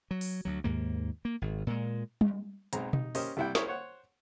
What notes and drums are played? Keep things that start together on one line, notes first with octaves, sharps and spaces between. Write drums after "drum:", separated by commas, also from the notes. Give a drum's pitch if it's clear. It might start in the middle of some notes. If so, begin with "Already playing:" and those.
F#3
drum: open hi-hat
D2 F#3
D#2 G#2 A#3
A#3
G#1
A#2 G#3
drum: tom G3
B1 G#3 C4 A#5, drum: hi-hat
D#4, drum: tom B2
C#4 G4 A#4 C5 D#5, drum: open hi-hat
C2 G3 E4 F#5 G5
E4 G#4 A#4 C5 C#5, drum: snare
C5 C#5 F#5